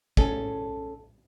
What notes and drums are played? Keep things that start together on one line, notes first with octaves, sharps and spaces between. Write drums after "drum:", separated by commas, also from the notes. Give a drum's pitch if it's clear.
C#4 G#4 A4, drum: kick